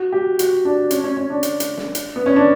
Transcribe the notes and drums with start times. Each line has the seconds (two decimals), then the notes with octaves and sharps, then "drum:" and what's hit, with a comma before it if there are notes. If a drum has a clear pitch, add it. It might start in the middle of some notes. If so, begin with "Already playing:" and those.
Already playing: F#4
0.12 G4
0.39 F#4, drum: hi-hat
0.65 D4
0.91 C#4, drum: hi-hat
1.04 C#4
1.17 C#4
1.30 D4
1.43 drum: hi-hat
1.60 drum: hi-hat
1.77 drum: snare
1.95 drum: hi-hat
2.16 B3
2.26 C#4
2.36 D4